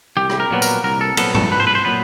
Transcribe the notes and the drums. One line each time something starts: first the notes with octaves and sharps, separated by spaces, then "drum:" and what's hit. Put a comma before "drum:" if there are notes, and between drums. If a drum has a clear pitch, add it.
C2 G4
drum: rim click
A#4
A#2 F#3 B3
A#4, drum: tambourine
C2 A#4
A4
A#2 F#3 B3 A4, drum: cymbal
A4, drum: tom G#2
C2 B4
C5
B4
C5
A#2 F#3 B3 B4